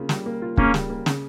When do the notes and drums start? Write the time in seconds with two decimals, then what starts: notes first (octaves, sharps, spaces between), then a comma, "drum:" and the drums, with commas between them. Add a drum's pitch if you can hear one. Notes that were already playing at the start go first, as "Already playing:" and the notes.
Already playing: C#3 A#3 F4
0.09 G3, drum: snare
0.26 A#3
0.42 F4
0.57 C#3 A#3 C#4, drum: kick
0.74 G3, drum: snare
0.90 A#3
1.06 C#3, drum: snare